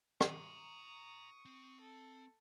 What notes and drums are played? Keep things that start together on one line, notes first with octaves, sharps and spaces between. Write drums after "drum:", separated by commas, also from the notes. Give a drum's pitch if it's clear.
A#5 C6 C#6 D#6, drum: rim click
C4
A4